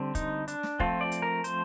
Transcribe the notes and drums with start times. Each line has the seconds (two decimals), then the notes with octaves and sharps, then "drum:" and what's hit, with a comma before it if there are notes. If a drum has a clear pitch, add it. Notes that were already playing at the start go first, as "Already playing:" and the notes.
Already playing: D3 G3 C4
0.15 D#4, drum: kick, hi-hat
0.48 D4, drum: hi-hat
0.63 drum: snare
0.80 F3 A3 C4 F4, drum: kick
1.01 D5
1.12 drum: hi-hat
1.22 A#4
1.44 C5, drum: hi-hat